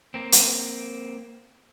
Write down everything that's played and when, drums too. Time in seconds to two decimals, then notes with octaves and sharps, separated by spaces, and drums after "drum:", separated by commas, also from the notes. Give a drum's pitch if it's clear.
0.14 A#3 C4
0.32 drum: hi-hat